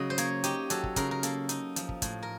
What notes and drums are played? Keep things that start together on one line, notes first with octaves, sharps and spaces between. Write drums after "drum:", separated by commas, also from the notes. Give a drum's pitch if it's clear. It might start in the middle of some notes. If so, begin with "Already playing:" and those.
Already playing: C#3 F#3 D#5
C5
A#3 C#5, drum: hi-hat
D#4 G4, drum: hi-hat
F#3 A4, drum: hi-hat
drum: kick
C#3 A#4, drum: kick, hi-hat
A#4
A#3 A4, drum: hi-hat
D#4, drum: hi-hat
F3, drum: hi-hat
drum: kick
A2, drum: kick, hi-hat
A#4